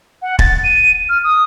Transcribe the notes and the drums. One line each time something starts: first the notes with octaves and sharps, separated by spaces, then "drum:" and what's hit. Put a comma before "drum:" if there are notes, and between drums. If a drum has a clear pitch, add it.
F#5
A6, drum: kick
D#7
F6
D#6